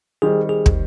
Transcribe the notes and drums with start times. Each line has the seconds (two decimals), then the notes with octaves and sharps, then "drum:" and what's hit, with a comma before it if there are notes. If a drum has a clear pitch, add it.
0.22 D#3 G3 C4 G#4
0.49 G#4
0.66 drum: kick